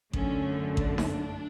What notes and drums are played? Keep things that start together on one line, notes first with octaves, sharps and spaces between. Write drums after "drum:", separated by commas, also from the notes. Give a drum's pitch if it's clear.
F#2 D3 A3 C#4, drum: kick A1
D4, drum: kick A1
drum: snare D#4